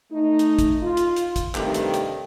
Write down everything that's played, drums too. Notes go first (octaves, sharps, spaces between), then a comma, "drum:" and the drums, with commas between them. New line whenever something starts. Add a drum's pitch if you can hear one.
A3 D#4
drum: hi-hat
drum: kick, hi-hat
F4
drum: hi-hat
drum: hi-hat
drum: kick, hi-hat
G2 C3 D#3 A3 G4, drum: clap
drum: hi-hat
drum: hi-hat